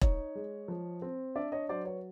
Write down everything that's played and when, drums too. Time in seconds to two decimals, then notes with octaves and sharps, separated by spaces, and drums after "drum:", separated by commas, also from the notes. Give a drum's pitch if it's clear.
0.01 D#4 C#5 D#5, drum: kick E1
0.35 G#3
0.68 F3
1.02 C4
1.36 D4 D5 E5
1.52 C#5 D#5
1.69 F#3 C5 D5
1.85 B4 C#5